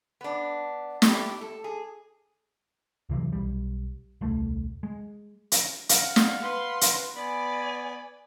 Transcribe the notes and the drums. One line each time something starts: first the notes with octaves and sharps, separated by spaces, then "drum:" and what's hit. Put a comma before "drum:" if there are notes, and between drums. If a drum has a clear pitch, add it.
B3 D4
A3 E4 G4, drum: snare
A4
G#4
C#2 C3 E3 F#3
B1 G3
D#1 C2 A3
G#3
drum: hi-hat
F5 F#5, drum: hi-hat
drum: snare
B4 C6
drum: hi-hat
B3 D5 G#5 B5